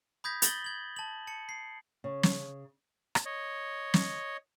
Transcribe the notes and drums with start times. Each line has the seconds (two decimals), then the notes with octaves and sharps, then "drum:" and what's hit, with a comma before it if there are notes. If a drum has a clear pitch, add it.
0.24 B5 D#6 G6 G#6 A#6 B6
0.42 G6 A6 A#6 F#7 G7, drum: hi-hat
0.64 G#6 F#7
0.97 A5 F#7
1.27 A5 C#7
1.49 C7
2.04 C#3
2.23 drum: snare
3.15 drum: rim click
3.25 C#5 D#5
3.94 drum: snare